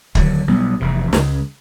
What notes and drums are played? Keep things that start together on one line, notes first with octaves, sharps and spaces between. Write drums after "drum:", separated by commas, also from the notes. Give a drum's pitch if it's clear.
D#2 D3 F#3, drum: kick
B1 B2 G3 B3
F1 E2 C3
C#2 C#3 E3 G#3, drum: snare